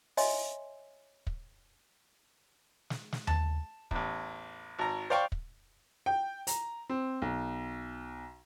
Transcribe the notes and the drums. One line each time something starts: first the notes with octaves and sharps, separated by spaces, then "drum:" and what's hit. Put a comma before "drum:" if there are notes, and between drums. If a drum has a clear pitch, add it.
C#5 D#5 E5 G#5 C6, drum: open hi-hat
drum: kick
drum: snare
drum: snare
A5, drum: tom D#2
A1 E2, drum: kick
G#1 A#5
C5 D5 F5 G5 C#6
drum: kick
G5
A#5, drum: hi-hat
C4
B1